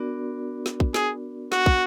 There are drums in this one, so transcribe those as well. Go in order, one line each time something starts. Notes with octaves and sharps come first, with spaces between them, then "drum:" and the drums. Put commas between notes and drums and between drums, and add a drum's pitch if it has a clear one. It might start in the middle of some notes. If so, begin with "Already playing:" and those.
Already playing: B3 D4 F#4 A#4 D5
drum: snare
drum: kick
G#4, drum: snare
F#4, drum: snare
drum: kick